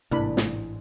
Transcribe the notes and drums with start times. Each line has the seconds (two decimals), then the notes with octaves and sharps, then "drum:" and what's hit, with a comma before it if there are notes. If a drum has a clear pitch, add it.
0.11 A1 G#2 C3 A#3 D4 E4 B5
0.37 drum: snare